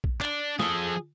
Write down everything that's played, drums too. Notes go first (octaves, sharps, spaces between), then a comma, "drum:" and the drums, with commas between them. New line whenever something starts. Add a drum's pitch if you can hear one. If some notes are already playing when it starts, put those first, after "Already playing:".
drum: kick A#1
D4, drum: clap
F3 G#4 A4, drum: snare